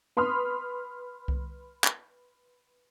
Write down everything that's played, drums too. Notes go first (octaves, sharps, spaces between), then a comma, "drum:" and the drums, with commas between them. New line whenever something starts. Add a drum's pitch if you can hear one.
B4 B5 C6 D#6 F6
drum: kick C2
drum: clap